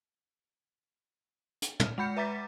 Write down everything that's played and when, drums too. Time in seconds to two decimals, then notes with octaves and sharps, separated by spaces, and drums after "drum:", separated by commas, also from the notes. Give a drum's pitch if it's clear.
1.62 drum: hi-hat
1.80 F6, drum: tom
1.98 G#3 F#5 B5 G6 C#7
2.17 B4 E5 A#5 D6 A6 B6